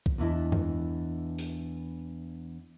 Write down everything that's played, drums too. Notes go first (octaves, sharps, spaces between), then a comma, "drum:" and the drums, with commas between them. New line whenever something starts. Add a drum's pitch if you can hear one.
drum: kick B1
E2 E3 D4 E4 D#5 A5
drum: tom F#2
drum: open hi-hat